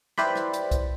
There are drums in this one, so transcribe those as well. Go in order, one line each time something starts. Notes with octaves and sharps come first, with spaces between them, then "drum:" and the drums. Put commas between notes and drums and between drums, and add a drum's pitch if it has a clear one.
E4 G4 B4 C5 D5 B5, drum: rim click
drum: rim click
drum: hi-hat
drum: kick, hi-hat